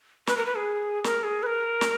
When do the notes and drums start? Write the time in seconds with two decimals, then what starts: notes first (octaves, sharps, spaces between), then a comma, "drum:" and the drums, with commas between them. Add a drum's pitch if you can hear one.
0.27 B4, drum: snare
0.37 A#4
0.46 B4
0.56 G#4
1.04 A#4, drum: snare
1.23 G#4
1.43 B4
1.46 A#4
1.81 drum: snare